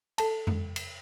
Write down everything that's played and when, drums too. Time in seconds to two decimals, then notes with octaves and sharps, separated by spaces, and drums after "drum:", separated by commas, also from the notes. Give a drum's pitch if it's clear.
0.18 A4 A5, drum: cymbal
0.47 drum: tom F2
0.76 drum: cymbal